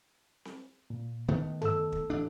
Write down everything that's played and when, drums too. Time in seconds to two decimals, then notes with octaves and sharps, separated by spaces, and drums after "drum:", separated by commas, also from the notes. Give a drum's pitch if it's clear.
0.45 drum: snare C4
0.90 A#2
1.28 D#3 A3 B3
1.62 A4 E6, drum: tom F#2
1.92 drum: kick
2.10 A1 D4